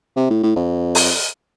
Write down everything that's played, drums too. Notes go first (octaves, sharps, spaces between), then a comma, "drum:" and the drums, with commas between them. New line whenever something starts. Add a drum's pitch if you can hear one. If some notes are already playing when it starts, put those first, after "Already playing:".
C3
A2
A2
F2
drum: open hi-hat